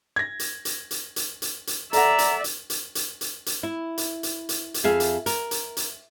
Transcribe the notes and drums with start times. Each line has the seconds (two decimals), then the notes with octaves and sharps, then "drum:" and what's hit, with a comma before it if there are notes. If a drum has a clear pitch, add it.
0.16 G#6 A#6
0.39 drum: hi-hat
0.65 drum: hi-hat
0.91 drum: hi-hat
1.16 drum: hi-hat
1.42 drum: hi-hat
1.67 drum: hi-hat
1.93 A4 D5 E5 F#5 A#5, drum: hi-hat
2.19 drum: hi-hat
2.44 drum: hi-hat
2.70 drum: hi-hat
2.95 drum: hi-hat
3.21 drum: hi-hat
3.46 drum: hi-hat
3.63 E4
3.98 drum: hi-hat
4.23 drum: hi-hat
4.49 drum: hi-hat
4.74 drum: hi-hat
4.84 F2 G#4 E5 F5
5.00 drum: hi-hat
5.26 A#4, drum: hi-hat
5.51 drum: hi-hat
5.77 drum: hi-hat